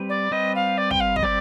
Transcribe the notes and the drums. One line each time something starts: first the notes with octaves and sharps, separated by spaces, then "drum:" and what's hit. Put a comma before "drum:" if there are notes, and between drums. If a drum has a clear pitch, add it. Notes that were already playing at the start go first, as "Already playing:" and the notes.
Already playing: G3 C4 G4 B4
D5
G3 C4 G4 B4 D#5
F5
D5
G5, drum: kick
F5
D#5, drum: kick
G3 C4 G4 D5